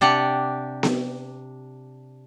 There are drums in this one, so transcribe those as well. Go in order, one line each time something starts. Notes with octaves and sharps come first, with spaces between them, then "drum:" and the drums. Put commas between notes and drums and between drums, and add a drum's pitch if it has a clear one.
C3 D4 G4 F#5
drum: snare B3